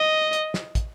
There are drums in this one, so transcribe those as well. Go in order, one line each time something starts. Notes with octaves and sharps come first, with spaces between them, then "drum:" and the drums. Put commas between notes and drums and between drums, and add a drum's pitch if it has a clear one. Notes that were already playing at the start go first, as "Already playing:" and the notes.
Already playing: D#5
drum: hi-hat
drum: snare
drum: kick, hi-hat